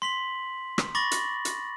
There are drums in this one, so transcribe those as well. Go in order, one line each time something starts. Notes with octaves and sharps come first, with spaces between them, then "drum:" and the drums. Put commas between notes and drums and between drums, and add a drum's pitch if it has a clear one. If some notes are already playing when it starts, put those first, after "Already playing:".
C6 B6 F#7
drum: rim click
B5 C#6 D6 A6 A#6 F#7
drum: hi-hat
drum: hi-hat